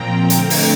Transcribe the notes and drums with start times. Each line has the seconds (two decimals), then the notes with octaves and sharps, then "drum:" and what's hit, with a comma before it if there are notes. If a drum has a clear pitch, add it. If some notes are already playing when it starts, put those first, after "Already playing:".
Already playing: A#2 F3 C4 G5 A#5
0.30 D3 A3 C4, drum: hi-hat
0.50 drum: open hi-hat